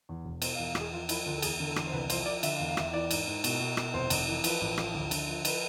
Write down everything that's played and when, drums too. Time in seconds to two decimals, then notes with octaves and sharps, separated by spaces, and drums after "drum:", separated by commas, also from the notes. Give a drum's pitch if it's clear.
0.09 E2
0.25 E1
0.42 B2 C5, drum: cymbal
0.55 F5
0.58 E2
0.67 F5
0.75 E2, drum: rim click
0.80 G#4
0.92 F3 F4
1.09 F3 E4, drum: cymbal
1.26 D2 F4
1.38 A4
1.42 E2 G#4, drum: cymbal
1.59 D3
1.67 A4
1.76 E2, drum: rim click
1.87 C5
1.92 C2 B4
2.10 F3 C5, drum: cymbal
2.26 F3 D5
2.43 D3 E5, drum: cymbal
2.56 F5
2.60 E2
2.68 F5
2.77 E2 E5, drum: rim click
2.93 E3 D5
3.11 G#2, drum: cymbal
3.27 G#2
3.44 B2, drum: cymbal
3.60 B2
3.77 B2, drum: rim click
3.94 F1 C5
4.10 F1, drum: cymbal
4.28 E3
4.44 F3 B4, drum: cymbal
4.61 A1
4.78 F3, drum: rim click
4.94 D2
5.11 D3, drum: cymbal
5.28 F3
5.45 B4, drum: cymbal